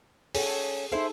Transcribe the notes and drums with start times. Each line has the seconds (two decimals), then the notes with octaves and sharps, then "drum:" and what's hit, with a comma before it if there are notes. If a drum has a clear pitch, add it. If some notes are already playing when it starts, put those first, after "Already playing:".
0.35 C#4 G#4 A4, drum: open hi-hat
0.92 D#4 E4 G#4 A4 C5 E5